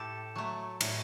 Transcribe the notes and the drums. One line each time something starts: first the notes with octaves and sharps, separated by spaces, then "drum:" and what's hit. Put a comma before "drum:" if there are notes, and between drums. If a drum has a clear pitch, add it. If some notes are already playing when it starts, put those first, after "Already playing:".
Already playing: A2 G4 A4
F#3 A3
A2, drum: cymbal